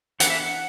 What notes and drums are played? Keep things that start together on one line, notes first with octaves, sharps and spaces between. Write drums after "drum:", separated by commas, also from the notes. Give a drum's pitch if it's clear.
E3 B3 D4 F#5, drum: hi-hat
E5
F#5